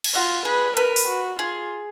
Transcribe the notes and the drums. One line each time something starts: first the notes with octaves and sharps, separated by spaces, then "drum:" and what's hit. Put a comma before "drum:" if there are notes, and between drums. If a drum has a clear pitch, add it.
drum: cymbal
F4 F#4
G#4 B4
A#4 B4, drum: hi-hat
drum: open hi-hat
F#4
F4 G#4